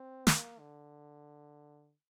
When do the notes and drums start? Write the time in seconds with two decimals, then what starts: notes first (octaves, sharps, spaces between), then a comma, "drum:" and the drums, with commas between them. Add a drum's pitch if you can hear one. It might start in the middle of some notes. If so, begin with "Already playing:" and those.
Already playing: C4
0.27 A#3, drum: snare
0.59 D3